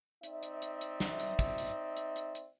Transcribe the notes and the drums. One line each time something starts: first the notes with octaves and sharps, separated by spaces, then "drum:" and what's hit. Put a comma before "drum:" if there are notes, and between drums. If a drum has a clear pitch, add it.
C4 D#4 D5 E5, drum: hi-hat
drum: hi-hat
drum: hi-hat
drum: hi-hat
drum: snare
drum: hi-hat
drum: kick, hi-hat
drum: hi-hat
drum: hi-hat
drum: hi-hat
drum: hi-hat